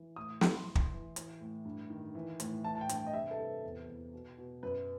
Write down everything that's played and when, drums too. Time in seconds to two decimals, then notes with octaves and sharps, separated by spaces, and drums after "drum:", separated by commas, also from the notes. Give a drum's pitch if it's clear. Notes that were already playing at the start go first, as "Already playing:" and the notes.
Already playing: E3
0.16 A2 D#6
0.41 E3 C6, drum: snare
0.53 B5
0.64 E3 C6
0.75 drum: kick
0.91 E3
1.16 E3, drum: hi-hat
1.41 A2
1.65 G2
1.90 D#3
2.15 E3
2.40 A2, drum: hi-hat
2.64 E3 A5
2.75 A5
2.81 G5
2.89 G2, drum: hi-hat
2.97 G5
3.07 D#5
3.13 C3 E5
3.31 A4
3.39 C3 B4
3.63 E2
3.88 E2
4.13 B2
4.38 B2
4.63 F#2 B4